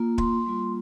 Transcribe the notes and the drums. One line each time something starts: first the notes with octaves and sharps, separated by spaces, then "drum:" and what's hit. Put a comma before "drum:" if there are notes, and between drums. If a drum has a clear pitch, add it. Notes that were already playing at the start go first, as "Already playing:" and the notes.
Already playing: A#3 F4
C6, drum: kick
G3 A#3 F4